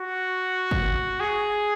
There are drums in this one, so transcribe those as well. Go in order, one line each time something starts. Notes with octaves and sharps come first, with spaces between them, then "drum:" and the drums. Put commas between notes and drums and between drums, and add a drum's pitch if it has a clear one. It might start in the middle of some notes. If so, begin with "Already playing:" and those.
Already playing: F#4
drum: kick
G#4